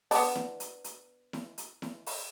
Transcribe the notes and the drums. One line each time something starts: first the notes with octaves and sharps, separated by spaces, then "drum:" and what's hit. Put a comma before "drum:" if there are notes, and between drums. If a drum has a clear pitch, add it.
B3 D4, drum: open hi-hat
drum: snare E4
drum: hi-hat
drum: hi-hat
drum: snare E4
drum: hi-hat
drum: snare E4
drum: open hi-hat